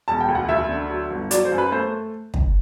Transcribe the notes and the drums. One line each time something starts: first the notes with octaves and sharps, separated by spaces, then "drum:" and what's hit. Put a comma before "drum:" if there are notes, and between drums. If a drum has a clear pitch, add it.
E1 A5
G5
D2
F#5
D2 E5
D3
F#3
G1
F#3 D5, drum: hi-hat
C5
F#2
B4
A3 C5
drum: kick